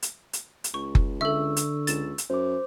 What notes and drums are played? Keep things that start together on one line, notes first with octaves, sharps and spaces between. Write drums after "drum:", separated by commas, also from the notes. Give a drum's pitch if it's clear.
drum: hi-hat
drum: hi-hat
drum: hi-hat
C#2 C#6
drum: kick F#1
D3 A4 E5 C#6 E6
drum: hi-hat
C#2 A6 E7, drum: hi-hat
drum: hi-hat
F#2 C5 D6